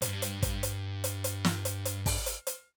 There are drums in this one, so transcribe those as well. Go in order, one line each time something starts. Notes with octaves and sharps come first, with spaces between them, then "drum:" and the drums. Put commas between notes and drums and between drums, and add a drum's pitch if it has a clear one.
B1 G2, drum: hi-hat
drum: hi-hat
drum: kick, hi-hat
drum: hi-hat
drum: hi-hat
drum: hi-hat
drum: snare
drum: hi-hat
drum: hi-hat
drum: kick, open hi-hat
drum: hi-hat
drum: hi-hat